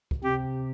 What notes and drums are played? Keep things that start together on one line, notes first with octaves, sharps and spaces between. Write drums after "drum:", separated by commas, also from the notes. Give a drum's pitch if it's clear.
drum: kick
C3 G4